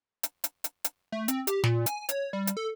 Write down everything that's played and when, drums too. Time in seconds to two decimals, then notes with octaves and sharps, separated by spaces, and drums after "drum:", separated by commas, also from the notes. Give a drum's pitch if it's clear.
0.23 drum: hi-hat
0.44 drum: hi-hat
0.64 drum: hi-hat
0.84 drum: hi-hat
1.12 A3
1.28 C4, drum: hi-hat
1.47 G4, drum: hi-hat
1.64 A#2, drum: snare
1.86 G#5, drum: hi-hat
2.09 C#5, drum: hi-hat
2.33 G3
2.47 drum: hi-hat
2.57 A4